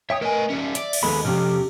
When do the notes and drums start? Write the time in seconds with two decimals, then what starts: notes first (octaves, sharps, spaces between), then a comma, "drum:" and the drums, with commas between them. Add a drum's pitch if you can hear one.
0.10 C#5 E5 G5 D#6
0.21 A3 A#4 B4 D#5 G#5
0.49 G3 C#4 E5
0.75 D5, drum: hi-hat
0.93 drum: cymbal
1.03 D#2 G#3 B3 A4 B4 B5
1.25 F2 C3 C#4 G4 F6